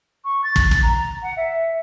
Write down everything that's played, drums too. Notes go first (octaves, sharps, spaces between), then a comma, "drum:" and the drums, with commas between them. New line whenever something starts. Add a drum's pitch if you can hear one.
C#6
A6
drum: kick
drum: kick
A#5
F#5
E5